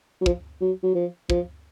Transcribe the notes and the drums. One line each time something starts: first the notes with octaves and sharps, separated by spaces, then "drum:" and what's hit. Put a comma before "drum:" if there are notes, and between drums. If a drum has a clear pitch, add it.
F#3
F3, drum: kick
F#3
F#3
F3
F3, drum: kick